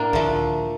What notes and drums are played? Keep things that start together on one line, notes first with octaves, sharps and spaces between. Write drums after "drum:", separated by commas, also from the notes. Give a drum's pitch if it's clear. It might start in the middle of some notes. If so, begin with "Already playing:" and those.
Already playing: A2 A#3 D4
D3 F3 A3, drum: kick C#2